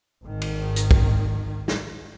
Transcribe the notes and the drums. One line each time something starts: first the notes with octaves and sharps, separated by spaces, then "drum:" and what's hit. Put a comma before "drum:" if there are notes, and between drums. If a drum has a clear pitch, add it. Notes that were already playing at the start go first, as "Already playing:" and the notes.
G#1 D#3
drum: cymbal
drum: hi-hat
drum: kick B1
drum: snare